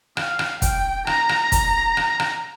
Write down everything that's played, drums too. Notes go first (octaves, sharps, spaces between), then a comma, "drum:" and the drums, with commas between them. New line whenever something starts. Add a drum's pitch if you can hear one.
F5, drum: rim click
drum: rim click
G5, drum: kick, hi-hat
A#5, drum: rim click
drum: rim click
drum: kick, hi-hat
drum: rim click
drum: rim click